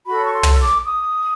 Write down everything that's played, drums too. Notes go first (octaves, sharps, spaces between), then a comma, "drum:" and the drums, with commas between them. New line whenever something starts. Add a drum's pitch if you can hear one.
F#4 A4 C#5 B5
C#6
C6
drum: tom
D6
D#6